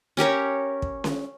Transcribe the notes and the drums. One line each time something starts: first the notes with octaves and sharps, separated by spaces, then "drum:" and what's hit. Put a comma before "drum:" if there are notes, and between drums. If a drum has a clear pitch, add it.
C#4 G4 A#4 C#5
drum: kick
drum: snare C#4